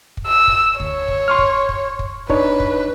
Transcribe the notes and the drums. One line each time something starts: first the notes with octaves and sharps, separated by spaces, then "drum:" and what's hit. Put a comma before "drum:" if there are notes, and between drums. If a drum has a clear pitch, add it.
drum: kick
E6
drum: kick
D2 C#5, drum: kick
drum: kick
C6 C#6 F6
drum: kick
drum: kick
drum: kick
D4 D#4 B4 C#5, drum: kick
drum: kick